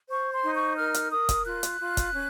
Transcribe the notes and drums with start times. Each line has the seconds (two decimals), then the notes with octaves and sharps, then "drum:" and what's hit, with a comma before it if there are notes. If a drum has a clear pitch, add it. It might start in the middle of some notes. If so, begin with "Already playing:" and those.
0.09 C5 C#6
0.31 C6
0.43 D#4
0.55 C#6
0.77 A#4 F6
0.94 drum: hi-hat
1.12 A#4 D#6
1.29 drum: kick, hi-hat
1.46 F4 F#6
1.63 drum: hi-hat
1.80 F4
1.97 drum: kick, hi-hat
2.14 C#4